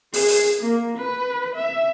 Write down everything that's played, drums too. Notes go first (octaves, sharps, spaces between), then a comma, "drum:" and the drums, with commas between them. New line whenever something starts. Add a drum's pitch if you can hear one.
G#4, drum: open hi-hat
drum: open hi-hat
A#3
B4
E5